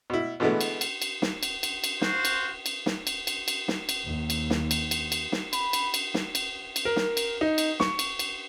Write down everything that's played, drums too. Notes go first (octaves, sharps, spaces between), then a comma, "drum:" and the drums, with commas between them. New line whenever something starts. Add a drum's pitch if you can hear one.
B2 E4
B2 D3 E3 G#3 A3 B3
drum: cymbal
drum: cymbal
drum: cymbal
drum: snare
drum: cymbal
drum: cymbal
drum: cymbal
F4 F#4 C5, drum: snare
drum: cymbal
drum: cymbal
drum: snare
drum: cymbal
drum: cymbal
drum: cymbal
drum: snare
drum: cymbal
D#2
drum: cymbal
drum: snare
drum: cymbal
drum: cymbal
drum: cymbal
drum: snare
B5, drum: cymbal
drum: cymbal
drum: cymbal
drum: snare
drum: cymbal
drum: cymbal
A#4
drum: snare
drum: cymbal
D#4
drum: cymbal
C#6, drum: snare
drum: cymbal
drum: cymbal